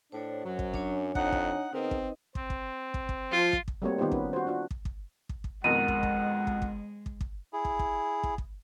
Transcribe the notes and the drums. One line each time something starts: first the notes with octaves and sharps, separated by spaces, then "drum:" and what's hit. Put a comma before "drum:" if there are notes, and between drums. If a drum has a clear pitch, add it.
A2 D4 C5 C#5
F#2 F#3
drum: kick
D4 C#5 G#5, drum: kick
F2 D#4 F#5, drum: kick
drum: kick
C#3 B3 C4 D#4 A#4 B4 D#5
drum: kick
C4, drum: kick
drum: kick
drum: kick
drum: kick
F3 F4
drum: kick
drum: kick
G3 A3 A#3 C4 F#4 C#5
D#3 B3 D#4 F4 G4 C5
C#4 B4, drum: kick
F#4 C5
D4 F4 F#4
drum: kick
drum: kick
drum: kick
drum: kick
F2 B2 D#3 G#3 F#5 D#7
drum: kick
drum: kick
drum: kick
drum: kick
drum: kick
drum: kick
E4 G#4
drum: kick
drum: kick
drum: kick
drum: kick